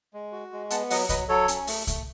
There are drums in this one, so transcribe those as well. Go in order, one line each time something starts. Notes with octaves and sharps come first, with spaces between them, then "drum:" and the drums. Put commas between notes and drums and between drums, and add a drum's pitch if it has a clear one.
G#3
F#4
G#3
B3 F#5 A5, drum: hi-hat
F#3 D#5 F#5, drum: open hi-hat
F#3 B4 D#5, drum: kick C2, hi-hat
F#3 A4 C#5
C#4, drum: hi-hat
A3, drum: open hi-hat
A3, drum: kick C2, hi-hat